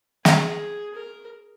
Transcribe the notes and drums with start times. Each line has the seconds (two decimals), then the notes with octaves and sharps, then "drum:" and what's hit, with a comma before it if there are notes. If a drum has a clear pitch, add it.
0.25 G#4, drum: snare
0.95 A#4